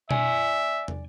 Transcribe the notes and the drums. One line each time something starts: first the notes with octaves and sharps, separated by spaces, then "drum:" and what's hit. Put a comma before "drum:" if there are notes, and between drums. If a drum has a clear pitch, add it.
D5 E5 G#5, drum: tom B2
drum: tom